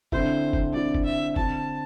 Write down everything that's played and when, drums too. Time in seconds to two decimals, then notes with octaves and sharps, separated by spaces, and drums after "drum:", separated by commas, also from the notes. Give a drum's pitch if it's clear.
0.12 D3 C4 E4 C5, drum: kick F#1
0.53 drum: kick F#1
0.73 D3 C4 E4 D5
0.95 drum: kick F#1
1.05 E5
1.36 D3 C4 E4 A5, drum: kick F#1